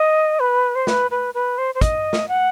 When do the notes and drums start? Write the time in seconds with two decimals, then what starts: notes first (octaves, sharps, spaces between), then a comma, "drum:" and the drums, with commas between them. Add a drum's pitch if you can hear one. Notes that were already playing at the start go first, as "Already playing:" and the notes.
Already playing: D#5
0.40 B4
0.75 C5
0.87 B4, drum: snare
1.11 B4
1.34 B4
1.58 C5
1.75 C5
1.81 D#5, drum: kick, hi-hat
2.13 drum: snare
2.28 F#5